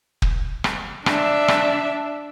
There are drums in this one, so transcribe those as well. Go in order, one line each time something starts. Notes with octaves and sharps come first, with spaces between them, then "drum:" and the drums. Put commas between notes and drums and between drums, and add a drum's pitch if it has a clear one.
drum: kick
drum: rim click
D4 E5, drum: rim click
drum: rim click